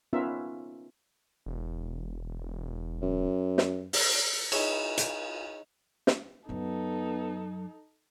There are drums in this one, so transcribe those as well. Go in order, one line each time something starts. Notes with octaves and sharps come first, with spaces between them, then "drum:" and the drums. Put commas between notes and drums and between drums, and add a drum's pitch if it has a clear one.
B3 C#4 D#4 F4 A#4 E5
E1
F#2
drum: snare
drum: open hi-hat
D#4 E4 G#4 C#5, drum: cymbal
drum: hi-hat
drum: snare
F#2 F#3 B3 D#4 A4